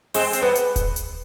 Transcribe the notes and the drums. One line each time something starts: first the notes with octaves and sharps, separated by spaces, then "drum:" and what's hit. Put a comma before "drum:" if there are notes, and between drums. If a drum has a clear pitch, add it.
G#3 C4 G#4, drum: open hi-hat
C4, drum: hi-hat
G3 B3 B4
drum: hi-hat
drum: kick D#1, hi-hat
drum: hi-hat